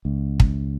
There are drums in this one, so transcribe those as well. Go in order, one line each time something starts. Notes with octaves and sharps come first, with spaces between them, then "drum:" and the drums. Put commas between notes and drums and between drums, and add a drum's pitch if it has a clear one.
C#2
drum: kick